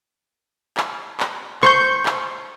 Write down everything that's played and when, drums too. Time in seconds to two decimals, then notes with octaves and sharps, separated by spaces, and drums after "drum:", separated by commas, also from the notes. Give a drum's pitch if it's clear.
0.77 drum: clap
1.20 drum: clap
1.63 C5 C#6 G6, drum: clap
2.06 drum: clap